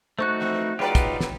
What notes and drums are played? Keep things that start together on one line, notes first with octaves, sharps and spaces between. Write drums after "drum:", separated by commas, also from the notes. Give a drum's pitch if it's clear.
A3 D#4 F#4 C5 C#6 F#6
E3 F3 C4
F#3 D#4 F4 G4 G#4 B4 D5 G5
drum: kick, hi-hat
drum: snare